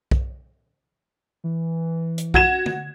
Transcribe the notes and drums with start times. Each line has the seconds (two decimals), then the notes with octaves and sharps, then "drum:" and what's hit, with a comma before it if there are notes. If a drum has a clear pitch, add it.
0.11 drum: kick B1
1.44 E3
2.18 drum: hi-hat
2.34 F#4 G#6 E7, drum: kick B1
2.66 drum: tom